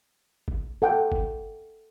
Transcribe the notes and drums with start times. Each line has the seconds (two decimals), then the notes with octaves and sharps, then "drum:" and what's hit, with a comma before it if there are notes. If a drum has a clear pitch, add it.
0.48 drum: kick G1
0.82 A4 F#5 G5
1.12 drum: kick G1